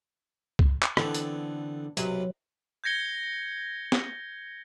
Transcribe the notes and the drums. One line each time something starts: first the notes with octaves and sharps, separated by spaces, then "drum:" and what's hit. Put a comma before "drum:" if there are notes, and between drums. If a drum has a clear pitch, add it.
drum: kick C#2
drum: clap
D3 E3 B3 C4 D4 A4, drum: rim click
drum: hi-hat
B1 C3 F#3 B4, drum: hi-hat
G6 G#6 A#6 C#7 G7
drum: snare